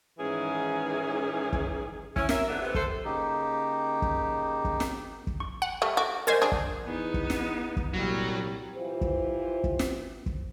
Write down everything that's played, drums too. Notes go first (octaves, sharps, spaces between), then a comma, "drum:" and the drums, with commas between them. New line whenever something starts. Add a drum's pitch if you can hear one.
G#2 D#3 E3 C#4 G#4
drum: kick
C#4 E4, drum: kick
A#4 E5, drum: snare
D3 D#3 F3 A3 B3 D4
C3 B3
A4 C5, drum: kick
C#3 A#3 D#4 G4
drum: kick
drum: kick
drum: snare
drum: kick
C#6
F#5
G3 A3
F#4 D6
A#4 C5 D#5 G#5 E7
D4 G#4 D#6
drum: kick
E2 B3 D#4
drum: kick
drum: snare
drum: kick
C2 A#2 F#3 G3
E3 F4 G4 C5
drum: kick
drum: kick
drum: snare
drum: kick